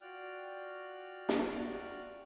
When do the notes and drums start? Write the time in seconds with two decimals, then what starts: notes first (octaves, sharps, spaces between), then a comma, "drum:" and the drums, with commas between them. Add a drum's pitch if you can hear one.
0.01 F4 F#4 D5 G5 F6 F#6
1.29 drum: snare